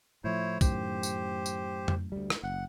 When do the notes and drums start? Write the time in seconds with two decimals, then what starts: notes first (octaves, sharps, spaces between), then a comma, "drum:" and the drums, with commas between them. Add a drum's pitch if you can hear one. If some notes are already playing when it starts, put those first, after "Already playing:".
0.24 A2 F3 A3 E4 C5 C#5
0.61 F#2 A2 D#3 G4 C5, drum: kick B1, tambourine
1.03 drum: tambourine
1.46 drum: tambourine
1.88 drum: tom F2
2.12 D2 G3
2.30 drum: rim click
2.43 F#1 F#5